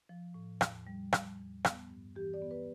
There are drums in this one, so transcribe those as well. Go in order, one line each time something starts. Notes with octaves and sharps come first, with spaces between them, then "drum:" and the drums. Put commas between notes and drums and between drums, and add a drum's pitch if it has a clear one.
F3
A2
E2, drum: rim click
G3
E2, drum: rim click
E2
B3, drum: rim click
G2
E3 G4
D5
B3
B4